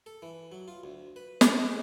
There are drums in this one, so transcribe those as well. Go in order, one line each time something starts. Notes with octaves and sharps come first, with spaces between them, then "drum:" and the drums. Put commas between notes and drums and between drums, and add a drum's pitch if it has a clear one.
A4
E3
F#3
F4
D2
B4
D3, drum: snare
G#3